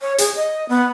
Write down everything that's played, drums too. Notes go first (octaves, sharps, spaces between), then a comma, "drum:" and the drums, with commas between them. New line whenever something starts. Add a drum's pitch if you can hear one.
C#5
G#4, drum: hi-hat
D#5
B3